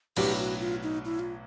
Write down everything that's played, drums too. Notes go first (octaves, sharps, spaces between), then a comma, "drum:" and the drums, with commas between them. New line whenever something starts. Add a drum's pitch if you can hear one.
B1 A2 F#3 B3 D4 G4, drum: cymbal
F#4
F4
D#4
E4
F4